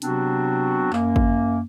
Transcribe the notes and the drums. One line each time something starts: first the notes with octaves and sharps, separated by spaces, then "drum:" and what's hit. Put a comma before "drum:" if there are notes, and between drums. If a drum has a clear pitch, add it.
C3 F#3 B3 C4 D4 F#4, drum: hi-hat
F#2 A#3, drum: clap
drum: kick G#1